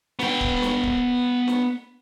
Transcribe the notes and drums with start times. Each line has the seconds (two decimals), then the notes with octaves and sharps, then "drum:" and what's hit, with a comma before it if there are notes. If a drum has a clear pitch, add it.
0.19 B3 G5, drum: snare
0.41 drum: kick
0.62 drum: snare
0.83 drum: kick
1.48 drum: snare